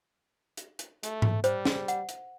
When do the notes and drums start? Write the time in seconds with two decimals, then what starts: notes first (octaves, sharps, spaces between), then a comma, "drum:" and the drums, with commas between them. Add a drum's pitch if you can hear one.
0.57 drum: hi-hat
0.79 drum: hi-hat
1.03 A3, drum: hi-hat
1.22 drum: tom G#2
1.44 G3 C5, drum: hi-hat
1.65 drum: snare C#4
1.88 F#5, drum: hi-hat
2.09 drum: hi-hat